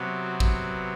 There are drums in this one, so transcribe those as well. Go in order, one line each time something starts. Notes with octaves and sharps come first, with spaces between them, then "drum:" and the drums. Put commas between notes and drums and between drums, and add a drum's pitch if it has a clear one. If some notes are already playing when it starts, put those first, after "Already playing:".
Already playing: C3 F#3 B3
F#4
drum: kick